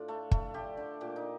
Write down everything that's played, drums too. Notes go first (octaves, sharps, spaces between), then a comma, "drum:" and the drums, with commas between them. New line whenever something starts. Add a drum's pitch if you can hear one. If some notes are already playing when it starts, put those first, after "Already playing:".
Already playing: A2 D4 F4
A3
A3, drum: kick
D3 G4
D3
A#2 G4
D#4